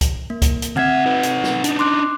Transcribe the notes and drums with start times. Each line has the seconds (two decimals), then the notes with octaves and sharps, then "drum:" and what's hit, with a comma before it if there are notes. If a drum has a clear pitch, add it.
0.01 drum: kick C2, hi-hat
0.30 A#3
0.42 drum: kick C2, hi-hat
0.62 drum: hi-hat
0.76 D2 C4 E5 F#5 G#6
1.06 D#4 B4
1.23 drum: hi-hat
1.44 drum: snare
1.64 D4 D#4, drum: hi-hat
1.79 C6 D6 F#6